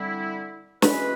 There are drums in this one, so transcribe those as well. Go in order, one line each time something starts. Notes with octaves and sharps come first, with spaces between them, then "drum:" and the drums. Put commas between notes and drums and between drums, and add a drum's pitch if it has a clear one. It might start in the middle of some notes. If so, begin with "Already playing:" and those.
Already playing: D3 G3 C4 E4
E3 G#3 C#4 F#4 B4, drum: snare